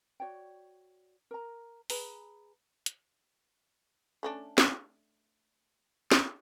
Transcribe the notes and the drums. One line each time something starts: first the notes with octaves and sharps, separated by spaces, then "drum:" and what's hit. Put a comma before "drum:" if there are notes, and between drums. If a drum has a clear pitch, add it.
F#4 C#5 D5 G5
A#4 A#5
G#4 B4 A#5 B5, drum: open hi-hat
drum: hi-hat
A3 C#4 D4
drum: snare
drum: snare